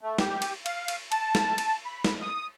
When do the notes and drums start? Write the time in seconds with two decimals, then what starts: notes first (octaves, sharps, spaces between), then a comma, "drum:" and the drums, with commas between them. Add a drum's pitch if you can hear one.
0.01 A3
0.19 G4, drum: snare
0.42 drum: cymbal
0.66 F5, drum: cymbal
0.88 drum: cymbal
1.12 A5, drum: cymbal
1.35 drum: snare
1.58 drum: cymbal
1.85 B5
2.05 drum: snare
2.22 D#6